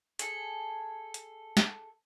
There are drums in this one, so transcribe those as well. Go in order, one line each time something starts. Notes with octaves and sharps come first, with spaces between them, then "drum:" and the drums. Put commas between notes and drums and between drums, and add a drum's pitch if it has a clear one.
G#4 A4, drum: hi-hat
drum: hi-hat
drum: snare